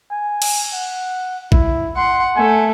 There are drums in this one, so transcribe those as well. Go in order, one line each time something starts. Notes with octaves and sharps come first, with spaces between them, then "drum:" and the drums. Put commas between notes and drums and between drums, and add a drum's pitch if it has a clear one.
G#5
drum: cymbal
F#5
E4, drum: kick A1
F#5 C6
A3 G#5